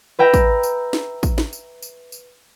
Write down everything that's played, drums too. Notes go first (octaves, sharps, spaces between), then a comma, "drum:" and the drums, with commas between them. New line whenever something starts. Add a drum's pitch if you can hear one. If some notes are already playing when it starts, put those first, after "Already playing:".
B4 E5 G5 A#5
drum: kick, tambourine
drum: tambourine
drum: snare
drum: kick, tambourine
drum: snare
drum: tambourine
drum: tambourine
drum: tambourine